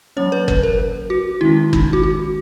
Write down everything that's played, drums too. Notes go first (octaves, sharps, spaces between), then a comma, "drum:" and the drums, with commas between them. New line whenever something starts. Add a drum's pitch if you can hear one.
F#3 A#3 C#4 C#5
B4
B4, drum: kick
A#4
F#4
D#3 G#3 C#4 E4
D#4, drum: kick
F#4
F#4